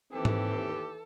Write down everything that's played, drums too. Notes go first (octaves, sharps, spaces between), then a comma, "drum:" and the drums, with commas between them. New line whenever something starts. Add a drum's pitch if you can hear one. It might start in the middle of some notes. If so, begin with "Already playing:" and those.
D#2 A2 E3 C4 G4 A4
drum: tom G#2